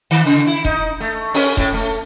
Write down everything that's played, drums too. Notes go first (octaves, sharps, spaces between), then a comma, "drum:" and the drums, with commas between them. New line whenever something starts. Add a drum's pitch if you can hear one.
D#3
C#3
E4
D#4, drum: kick E1
A3
C#4, drum: open hi-hat
A2, drum: kick E1
A3